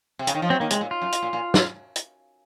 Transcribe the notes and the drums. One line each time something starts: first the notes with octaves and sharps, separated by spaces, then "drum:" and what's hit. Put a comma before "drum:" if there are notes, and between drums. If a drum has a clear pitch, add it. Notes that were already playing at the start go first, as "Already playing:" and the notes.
C3
C#3, drum: hi-hat
D#3
F3
F#3 C4
D#3 A#3
C3 G#3, drum: hi-hat
A#2
F4
F#2
drum: hi-hat
A#2
A#2
drum: snare
drum: hi-hat